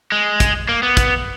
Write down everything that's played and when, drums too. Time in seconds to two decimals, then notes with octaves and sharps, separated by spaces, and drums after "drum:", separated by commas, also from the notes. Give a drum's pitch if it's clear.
0.12 G#3
0.40 drum: kick, hi-hat
0.69 A#3
0.83 B3
0.97 drum: kick, hi-hat